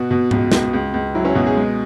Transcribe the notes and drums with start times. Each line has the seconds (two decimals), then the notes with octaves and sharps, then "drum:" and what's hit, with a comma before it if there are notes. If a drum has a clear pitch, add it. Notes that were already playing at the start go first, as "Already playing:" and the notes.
Already playing: B2 F#4
0.11 B2
0.31 C#2, drum: tom G#2
0.52 C#2, drum: snare
0.73 C#2
0.94 C#2
1.15 F#3 E4
1.25 C#4
1.35 B2 F#4
1.47 G#4
1.57 G#3